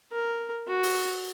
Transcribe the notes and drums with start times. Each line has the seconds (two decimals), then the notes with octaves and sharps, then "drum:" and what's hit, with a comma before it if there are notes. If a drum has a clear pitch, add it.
0.12 A#4
0.68 F#4
0.83 drum: open hi-hat